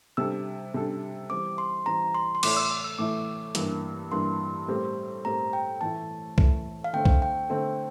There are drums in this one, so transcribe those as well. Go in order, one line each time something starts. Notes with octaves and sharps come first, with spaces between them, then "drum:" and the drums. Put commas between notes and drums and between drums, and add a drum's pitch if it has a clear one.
C3 G3 D4 A4 E6
C3 G3 D4 A4
E3 G3 C4 D6
C6
E3 G3 C4 A#5
C6
C6
A2 E3 A3 E4 D6, drum: cymbal
E6
E6
E6
A2 E3 A3 E4 D6
G2 E3 A#3 D4, drum: hi-hat
G2 E3 A#3 D4 C6
A2 G3 C4 G4 A#4
A2 G3 C4 G4 A#4 A#5
G5
A2 E3 A3 E4 A5
A2 E3 A3 E4, drum: kick
F5
D3 A3 C4 G5
drum: kick
G5
D3 A3 C4